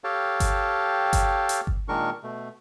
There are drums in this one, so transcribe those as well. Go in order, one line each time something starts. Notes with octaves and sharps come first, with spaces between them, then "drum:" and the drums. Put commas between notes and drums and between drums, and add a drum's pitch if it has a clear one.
G4 A4 C#5 F5 G5 A5
drum: kick G1, hi-hat
drum: kick G1, hi-hat
drum: hi-hat
drum: kick G1
A#2 D#3 G#3 D4 A#4 C#6
B2 A3